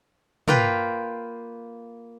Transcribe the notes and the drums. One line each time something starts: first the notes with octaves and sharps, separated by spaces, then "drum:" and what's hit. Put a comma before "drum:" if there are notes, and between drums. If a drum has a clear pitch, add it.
A#3 F4 B4 G5, drum: tom